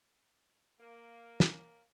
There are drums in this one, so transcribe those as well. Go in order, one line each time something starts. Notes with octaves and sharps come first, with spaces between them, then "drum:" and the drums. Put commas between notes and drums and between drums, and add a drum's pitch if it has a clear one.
A#3
drum: snare